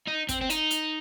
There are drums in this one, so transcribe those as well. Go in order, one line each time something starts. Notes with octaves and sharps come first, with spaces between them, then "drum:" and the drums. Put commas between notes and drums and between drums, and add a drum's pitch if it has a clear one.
D#4
C4, drum: kick, hi-hat
C4
D#4, drum: hi-hat
drum: hi-hat